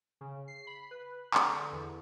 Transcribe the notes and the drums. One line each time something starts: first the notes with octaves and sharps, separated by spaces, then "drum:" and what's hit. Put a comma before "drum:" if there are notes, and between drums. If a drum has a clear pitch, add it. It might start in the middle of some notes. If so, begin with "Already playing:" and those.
C#3
C7
B5
B4
D3, drum: clap
E2